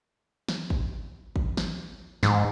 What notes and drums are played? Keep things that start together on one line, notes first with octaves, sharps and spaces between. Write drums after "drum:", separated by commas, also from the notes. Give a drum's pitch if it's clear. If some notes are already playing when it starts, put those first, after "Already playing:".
drum: snare
drum: kick
drum: kick
drum: snare
G#2, drum: snare